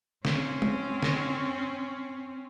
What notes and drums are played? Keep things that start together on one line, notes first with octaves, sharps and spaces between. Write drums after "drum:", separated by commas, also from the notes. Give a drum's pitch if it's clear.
C4 C#4, drum: snare
drum: tom G#3
drum: snare